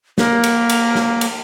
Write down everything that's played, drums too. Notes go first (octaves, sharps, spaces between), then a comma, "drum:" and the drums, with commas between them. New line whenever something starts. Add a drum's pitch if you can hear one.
A#3, drum: snare
drum: cymbal
drum: cymbal
drum: snare
drum: cymbal